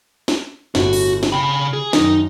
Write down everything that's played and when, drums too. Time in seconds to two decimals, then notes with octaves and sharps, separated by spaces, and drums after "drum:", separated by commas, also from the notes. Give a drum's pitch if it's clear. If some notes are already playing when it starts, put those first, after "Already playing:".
0.28 drum: snare
0.75 G1 A2 F#4, drum: snare
0.93 drum: open hi-hat
1.23 drum: snare
1.32 C#3 G5 B5
1.73 G#4
1.93 F#2 D#3 D#4, drum: snare